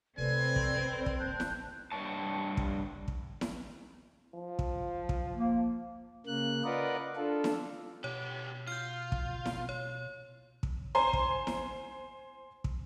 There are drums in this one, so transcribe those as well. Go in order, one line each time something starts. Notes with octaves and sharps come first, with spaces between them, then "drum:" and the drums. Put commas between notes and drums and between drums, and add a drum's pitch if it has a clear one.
C3 A3 C4 A4 B4 D5 G#5
drum: kick
drum: kick
D#1 A5 F#6 G6
drum: snare E4
G2 C#5 A5
drum: kick
drum: kick
drum: snare E4
F3
drum: kick
drum: kick
A#3
C#3 A#3 F#6
F4 A#4 B4 D5 D#5 F#5
D4 F4 A4
drum: snare E4
B2 B3 G4 C#5
F4 F6 G6
drum: kick
drum: snare E4
C#5
drum: kick
C5 G#5 A#5 C6
drum: kick
drum: snare E4
drum: kick